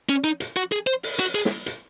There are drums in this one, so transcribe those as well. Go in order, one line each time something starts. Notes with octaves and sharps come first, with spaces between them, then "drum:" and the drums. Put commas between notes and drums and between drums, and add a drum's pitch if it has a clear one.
C#4
D#4
drum: hi-hat
F#4
G#4
C5
drum: open hi-hat
F#4
G#4
drum: snare
drum: hi-hat